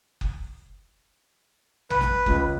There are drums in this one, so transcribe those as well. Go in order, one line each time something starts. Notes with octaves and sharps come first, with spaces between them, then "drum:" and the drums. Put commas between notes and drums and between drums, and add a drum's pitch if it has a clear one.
drum: kick F#1
B4, drum: tom
drum: snare
C#2, drum: kick F#1